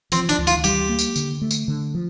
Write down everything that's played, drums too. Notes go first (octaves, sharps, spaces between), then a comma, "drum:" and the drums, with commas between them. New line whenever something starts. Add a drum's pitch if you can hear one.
F3 C4, drum: tambourine
D4, drum: tambourine
D2
F4, drum: tambourine
G3 G4, drum: tambourine
A#3
drum: tambourine
D3, drum: tambourine
A3
drum: tambourine
D3
F3